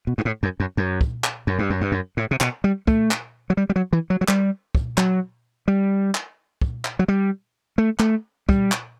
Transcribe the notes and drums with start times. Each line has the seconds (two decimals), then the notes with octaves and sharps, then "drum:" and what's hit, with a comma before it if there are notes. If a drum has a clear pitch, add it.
0.07 B2
0.18 G2
0.25 A2
0.43 F#2
0.60 F#2
0.77 F#2
1.01 drum: kick
1.24 drum: clap
1.47 F#2
1.59 G2
1.70 F#2
1.81 G2
1.92 F#2
2.17 A2
2.31 C3
2.41 B2, drum: clap
2.64 G3
2.87 A3, drum: kick
3.11 drum: clap
3.50 F#3
3.57 G3
3.69 G3
3.76 F#3
3.93 E3
4.10 F#3
4.21 F#3
4.28 G3, drum: clap
4.75 drum: kick
4.98 F#3, drum: clap
5.68 G3
6.15 drum: clap
6.62 drum: kick
6.85 drum: clap
6.99 F#3
7.08 G3
7.78 A3
7.99 A3, drum: clap
8.49 G3, drum: kick
8.72 drum: clap